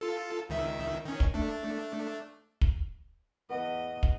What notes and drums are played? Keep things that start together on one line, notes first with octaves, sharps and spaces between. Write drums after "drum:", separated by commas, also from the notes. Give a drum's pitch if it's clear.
F4 A4
C#2 D#3 E5
D#3 C#4
drum: kick
A3 D4
drum: kick
E2 B4 D#5 F#5
drum: kick